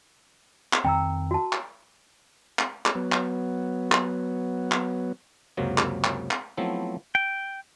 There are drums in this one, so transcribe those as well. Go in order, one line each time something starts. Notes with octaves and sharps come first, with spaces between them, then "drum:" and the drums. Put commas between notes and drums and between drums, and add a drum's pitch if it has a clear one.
drum: clap
F2 D#3 C4 G5 A#5 E6
F#4 A5
drum: clap
drum: clap
drum: clap
F#3 B3
drum: clap
drum: clap
drum: clap
C#2 F#2 C3 F#3 A#3
drum: clap
drum: clap
drum: clap
F3 F#3 A3 B3 C4 E4
G5